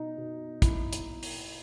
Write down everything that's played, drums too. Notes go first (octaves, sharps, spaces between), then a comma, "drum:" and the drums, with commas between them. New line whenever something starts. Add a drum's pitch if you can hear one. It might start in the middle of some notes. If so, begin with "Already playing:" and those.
Already playing: B2 D#4
B2
B2 E4, drum: kick, hi-hat
drum: hi-hat
drum: open hi-hat